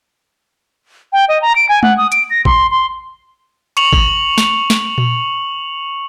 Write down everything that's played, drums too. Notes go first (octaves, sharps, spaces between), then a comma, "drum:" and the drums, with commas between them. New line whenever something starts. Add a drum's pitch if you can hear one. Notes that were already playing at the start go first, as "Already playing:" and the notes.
G5
D#5
A#5
D7
G#5
F#5, drum: tom G#3
D#6
D7, drum: hi-hat
A#6
C6, drum: kick A1
C6
C#6 C#7 F7 F#7, drum: hi-hat
drum: kick A1
drum: snare
drum: snare
drum: tom A#2